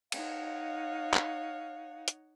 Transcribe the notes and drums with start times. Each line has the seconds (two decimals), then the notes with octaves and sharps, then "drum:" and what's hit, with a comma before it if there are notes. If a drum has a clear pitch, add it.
0.12 D#4 C#5 F5 F#5, drum: cymbal
1.14 drum: clap
2.08 drum: hi-hat